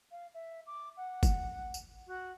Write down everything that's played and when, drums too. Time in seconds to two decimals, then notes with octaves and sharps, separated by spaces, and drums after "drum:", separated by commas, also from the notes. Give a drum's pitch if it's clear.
0.11 F5
0.34 E5
0.67 D6
0.97 F#5
1.23 drum: kick, tambourine
1.74 drum: tambourine
2.07 F#4